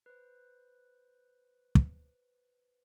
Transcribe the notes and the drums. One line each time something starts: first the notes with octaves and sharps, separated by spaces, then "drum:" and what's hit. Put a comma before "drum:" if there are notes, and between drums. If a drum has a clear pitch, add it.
B4 C5
drum: kick